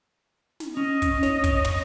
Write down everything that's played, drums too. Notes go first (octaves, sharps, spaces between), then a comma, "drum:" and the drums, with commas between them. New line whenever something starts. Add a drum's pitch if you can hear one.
drum: snare
C#4 D#5
drum: kick, hi-hat
C#5, drum: snare
drum: kick, hi-hat
drum: tom